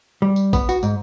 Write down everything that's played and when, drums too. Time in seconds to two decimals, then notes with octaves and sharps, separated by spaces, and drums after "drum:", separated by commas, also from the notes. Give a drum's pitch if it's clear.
0.22 G3
0.36 drum: tambourine
0.53 B3, drum: kick A1, tambourine
0.69 F#4, drum: tambourine
0.83 G#2, drum: tambourine